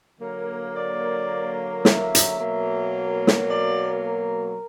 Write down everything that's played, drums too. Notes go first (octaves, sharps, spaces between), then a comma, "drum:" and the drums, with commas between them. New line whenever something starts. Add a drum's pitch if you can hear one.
D3 F#3 A#3
D5
E5, drum: snare
drum: hi-hat
B2 F#3 A#3
drum: snare
D5
A#4